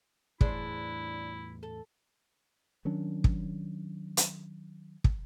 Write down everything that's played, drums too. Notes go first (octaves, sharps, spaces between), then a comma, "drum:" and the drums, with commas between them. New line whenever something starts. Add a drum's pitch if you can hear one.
E2 A2 D4 E4 G#4 C5, drum: kick
A4
D#3 F#3 C#4 D4
drum: kick
drum: hi-hat
drum: kick